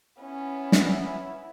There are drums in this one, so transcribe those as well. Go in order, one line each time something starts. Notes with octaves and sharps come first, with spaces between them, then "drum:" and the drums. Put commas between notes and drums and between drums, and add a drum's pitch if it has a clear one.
B3 C#4 E4
drum: snare